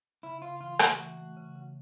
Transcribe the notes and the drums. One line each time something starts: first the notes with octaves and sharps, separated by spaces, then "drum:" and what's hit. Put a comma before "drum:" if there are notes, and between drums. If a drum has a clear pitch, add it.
C#3 E4
C#3 F4
E3 F4
A3 F#4, drum: rim click
E3
A3
C#3
C#3